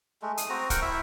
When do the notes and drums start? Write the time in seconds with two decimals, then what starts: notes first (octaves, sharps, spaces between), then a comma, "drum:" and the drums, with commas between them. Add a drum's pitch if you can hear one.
0.22 G#3 A3
0.37 D#6, drum: hi-hat
0.49 C4 F#4 A#5
0.70 A#4 F#5 G5 C#6, drum: kick, hi-hat
0.82 E4 E5